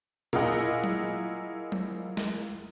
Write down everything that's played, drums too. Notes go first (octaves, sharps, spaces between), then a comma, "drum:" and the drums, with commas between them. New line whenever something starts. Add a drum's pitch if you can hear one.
A#3 E4 F4 G#4 D#5 F#5, drum: tom A#2
drum: tom F#3
drum: tom F#3
drum: snare